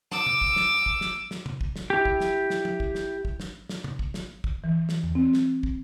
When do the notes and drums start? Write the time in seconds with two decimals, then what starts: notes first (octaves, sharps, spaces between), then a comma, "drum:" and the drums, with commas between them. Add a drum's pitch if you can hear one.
0.12 D6 E6, drum: snare
0.26 drum: tom C3
0.41 drum: kick
0.56 drum: snare
0.86 drum: kick
1.01 drum: snare
1.31 drum: snare
1.46 drum: tom C3
1.61 drum: kick
1.76 drum: snare
1.90 E4 G4
2.05 drum: kick
2.20 drum: snare
2.50 drum: snare
2.65 drum: tom
2.80 drum: kick
2.95 drum: snare
3.25 drum: kick
3.40 drum: snare
3.69 drum: snare
3.84 drum: tom C3
3.99 drum: kick
4.14 drum: snare
4.44 drum: kick
4.64 E3
4.89 drum: snare
5.04 drum: tom E2
5.15 C4
5.33 drum: snare
5.63 drum: kick